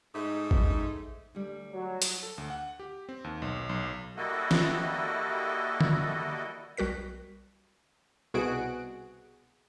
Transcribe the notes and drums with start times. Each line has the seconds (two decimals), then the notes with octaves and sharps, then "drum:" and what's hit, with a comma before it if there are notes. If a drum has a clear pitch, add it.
0.15 G#2 A3 D#4
0.51 drum: kick A1
1.35 D2 G3
1.73 F#3
2.02 drum: hi-hat
2.23 A4
2.38 D2
2.50 F#5
2.79 G4
3.09 C4
3.24 D#2
3.42 B1
3.69 B1
4.16 G3 A#3 E4 F#4 A4 D#5
4.51 drum: snare
5.81 drum: tom D3
6.77 B1 G3 F#4 A#4 B6
8.34 C2 B2 F#4 G#4 F#6 D7